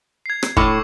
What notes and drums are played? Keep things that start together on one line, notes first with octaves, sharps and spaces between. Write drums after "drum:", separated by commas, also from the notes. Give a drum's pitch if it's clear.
G#6 C7
drum: rim click
A2 C#6 D6 E6, drum: kick